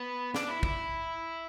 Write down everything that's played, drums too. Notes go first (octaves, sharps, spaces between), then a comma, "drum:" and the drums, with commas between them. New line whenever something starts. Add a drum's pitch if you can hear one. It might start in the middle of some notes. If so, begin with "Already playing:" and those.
Already playing: B3
D4, drum: snare
E4
E4, drum: kick